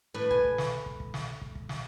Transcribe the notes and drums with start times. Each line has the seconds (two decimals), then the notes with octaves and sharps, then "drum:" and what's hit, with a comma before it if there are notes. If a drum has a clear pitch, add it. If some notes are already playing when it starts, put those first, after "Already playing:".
0.14 A2 B4
0.31 G#5, drum: kick
0.44 drum: kick
0.58 drum: snare
0.86 drum: kick
1.00 drum: kick
1.14 drum: snare
1.42 drum: kick
1.55 drum: kick
1.69 drum: snare